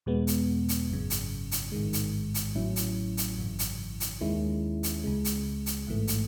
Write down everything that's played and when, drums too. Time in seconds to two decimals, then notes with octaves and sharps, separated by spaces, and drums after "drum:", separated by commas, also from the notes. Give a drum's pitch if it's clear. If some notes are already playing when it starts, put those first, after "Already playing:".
0.06 E2 B2 G#3 B3
0.27 drum: hi-hat
0.69 drum: hi-hat
0.89 G#1 F#2 C#3
1.10 drum: hi-hat
1.52 drum: hi-hat
1.72 A1 G#2 D#3 G#3
1.93 drum: hi-hat
2.34 drum: hi-hat
2.55 A1 A2 F#3 C#4 E4
2.76 drum: hi-hat
3.17 drum: hi-hat
3.38 G#1 F#2 C#3 E3
3.59 drum: hi-hat
4.00 drum: hi-hat
4.21 D#2 D#3 G#3 C#4 E4
4.83 drum: hi-hat
5.04 C#2 C#3 G#3
5.25 drum: hi-hat
5.66 drum: hi-hat
5.87 A1 G#2 E3 A3
6.08 drum: hi-hat